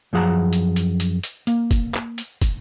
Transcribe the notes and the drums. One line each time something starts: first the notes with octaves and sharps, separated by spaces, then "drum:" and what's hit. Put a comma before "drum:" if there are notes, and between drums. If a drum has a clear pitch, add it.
F#2 F3 G#4 F#5 A5 A#5
drum: hi-hat
drum: hi-hat
drum: hi-hat
drum: hi-hat
A#3, drum: hi-hat
drum: kick, hi-hat
drum: clap
drum: hi-hat
drum: kick, hi-hat